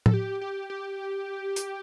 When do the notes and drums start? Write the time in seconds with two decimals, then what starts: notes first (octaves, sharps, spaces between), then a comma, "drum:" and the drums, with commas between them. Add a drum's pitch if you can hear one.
0.06 A4, drum: tom
0.14 G4
0.41 G4
0.70 G4
1.56 drum: hi-hat